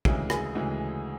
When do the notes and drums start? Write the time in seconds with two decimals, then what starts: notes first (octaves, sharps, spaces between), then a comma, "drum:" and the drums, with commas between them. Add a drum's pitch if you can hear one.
0.05 D2 C#3 E3 G#3 G#4, drum: kick
0.30 G#4, drum: rim click
0.55 D2 C#3 E3 G#3